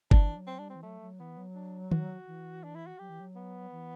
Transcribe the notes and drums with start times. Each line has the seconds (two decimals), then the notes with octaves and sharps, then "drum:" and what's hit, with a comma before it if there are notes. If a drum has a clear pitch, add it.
0.11 E3 D4, drum: kick
0.36 F#3
0.47 C4
0.59 G3 D4
0.70 C4
0.75 E3
0.83 F#3 A3
1.01 F#3
1.20 E3 B3
1.37 F#3
1.55 D4
1.91 F#4, drum: tom D#3
2.27 E3
2.64 D4
2.76 E4
2.87 F#4
2.99 F#3 G4
3.09 E3
3.20 F#3
3.36 B3
3.72 E3